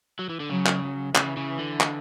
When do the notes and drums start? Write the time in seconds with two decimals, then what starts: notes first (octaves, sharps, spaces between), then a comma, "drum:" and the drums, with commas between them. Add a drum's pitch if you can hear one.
0.19 F#3
0.29 E3
0.40 D3
0.50 C#3 F#3
0.66 drum: clap
0.83 F#3
1.15 C#3 E3, drum: clap
1.37 C#3
1.59 D3
1.81 drum: clap